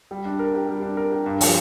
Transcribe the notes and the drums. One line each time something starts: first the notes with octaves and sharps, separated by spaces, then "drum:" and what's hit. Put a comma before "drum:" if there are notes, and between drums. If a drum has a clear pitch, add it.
G3
D4
A#4
G4
G3
D4
A#4
G4
G2
F3, drum: open hi-hat